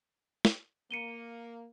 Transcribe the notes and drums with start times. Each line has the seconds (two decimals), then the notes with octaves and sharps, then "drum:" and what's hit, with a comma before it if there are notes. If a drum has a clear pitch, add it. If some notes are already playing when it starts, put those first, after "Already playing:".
0.45 drum: snare
0.91 A#3 C#7 D#7 G7